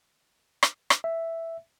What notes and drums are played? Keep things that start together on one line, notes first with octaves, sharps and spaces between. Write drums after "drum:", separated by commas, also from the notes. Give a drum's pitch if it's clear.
drum: rim click
drum: rim click
E5